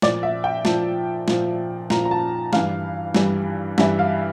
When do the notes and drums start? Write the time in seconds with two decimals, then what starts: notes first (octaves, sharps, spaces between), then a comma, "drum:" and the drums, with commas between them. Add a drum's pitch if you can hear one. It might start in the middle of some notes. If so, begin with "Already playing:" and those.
0.02 A#2 F3 D5, drum: snare
0.23 E5
0.44 G5
0.65 A#2 F3 A5, drum: snare
1.28 A#2 F3, drum: snare
1.90 A#2 F3 A#5, drum: snare
2.05 A#5
2.11 A5
2.53 G2 E3 G3 F5, drum: snare
3.15 G2 E3 G3, drum: snare
3.78 G2 E3 G3 E5, drum: snare
3.99 F5